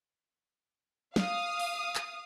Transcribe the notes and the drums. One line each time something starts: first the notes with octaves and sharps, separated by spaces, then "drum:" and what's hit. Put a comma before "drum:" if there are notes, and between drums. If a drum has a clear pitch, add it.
F5 D#6, drum: snare
drum: open hi-hat
drum: clap